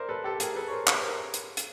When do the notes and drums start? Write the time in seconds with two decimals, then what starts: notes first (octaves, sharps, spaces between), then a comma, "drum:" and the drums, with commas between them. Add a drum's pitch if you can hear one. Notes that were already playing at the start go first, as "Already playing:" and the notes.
Already playing: A#4 C5 D5 E5
0.09 A4 B4
0.24 G4 A4
0.40 G#4 A#4, drum: hi-hat
0.55 A4 B4
0.68 C#5
0.71 A#4 C5
0.87 B4 C#5, drum: clap
1.02 A#4 C5
1.34 drum: hi-hat
1.57 drum: hi-hat